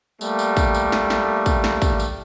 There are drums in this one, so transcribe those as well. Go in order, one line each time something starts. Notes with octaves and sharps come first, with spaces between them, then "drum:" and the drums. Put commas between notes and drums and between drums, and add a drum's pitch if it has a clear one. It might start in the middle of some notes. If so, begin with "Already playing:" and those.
G3 A3 A#3, drum: tambourine
drum: tambourine
drum: kick, tambourine
drum: tambourine
drum: snare
drum: snare
drum: kick, tambourine
drum: snare
drum: kick, tambourine
drum: tambourine